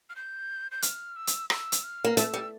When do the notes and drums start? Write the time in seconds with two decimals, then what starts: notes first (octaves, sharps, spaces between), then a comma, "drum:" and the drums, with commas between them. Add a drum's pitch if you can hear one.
0.10 F6
0.16 G6
0.71 G6
0.82 F6, drum: hi-hat
1.16 E6
1.27 drum: hi-hat
1.50 E6, drum: rim click
1.72 drum: hi-hat
1.83 F6
2.05 A#3
2.17 A3 E6, drum: hi-hat
2.34 G3